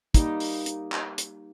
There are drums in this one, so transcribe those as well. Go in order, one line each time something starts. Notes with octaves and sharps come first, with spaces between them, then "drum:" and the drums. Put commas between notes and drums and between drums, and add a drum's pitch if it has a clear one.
G3 A#3 D#4, drum: kick, hi-hat
drum: open hi-hat
drum: hi-hat
drum: clap
drum: hi-hat